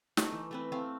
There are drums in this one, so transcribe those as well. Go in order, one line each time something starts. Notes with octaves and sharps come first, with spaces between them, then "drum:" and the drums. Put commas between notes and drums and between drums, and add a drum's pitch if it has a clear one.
A3 D#4, drum: snare
E3
A3 C4 B4
A3 C4 F5